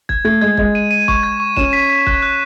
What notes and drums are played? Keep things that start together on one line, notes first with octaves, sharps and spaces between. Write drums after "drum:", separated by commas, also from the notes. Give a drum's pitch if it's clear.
G#6, drum: kick
A3 G#6
G#3 G#6
G#3 G#6, drum: kick
D#7
D#7
C#6, drum: kick
G#6
C#6
C#4 E7, drum: kick
B6
B6
F#6, drum: kick
F#6